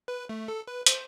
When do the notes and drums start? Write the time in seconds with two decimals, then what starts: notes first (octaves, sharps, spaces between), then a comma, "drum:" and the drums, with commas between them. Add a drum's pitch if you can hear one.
0.08 B4
0.29 A3
0.48 A4
0.68 B4
0.86 C5, drum: hi-hat